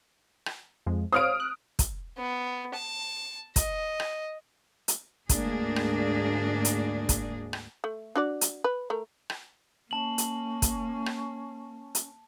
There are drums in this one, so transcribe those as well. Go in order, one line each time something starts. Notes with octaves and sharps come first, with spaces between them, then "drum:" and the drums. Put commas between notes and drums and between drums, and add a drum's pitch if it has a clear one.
drum: rim click
F2 F3 G#3
C5 C#5 F5 D#6 F6 D7
F#6
drum: kick, hi-hat
B3
A5
D#5, drum: kick, hi-hat
drum: rim click
drum: hi-hat
D2 G#2 A#3 D4 G#4, drum: kick, hi-hat
drum: rim click
drum: hi-hat
drum: kick, hi-hat
drum: rim click
A3
D4 F#4 D5
drum: hi-hat
B4
A3 A#4
drum: rim click
A#3 C#4 A5 F#7
drum: hi-hat
drum: kick, hi-hat
drum: rim click
drum: hi-hat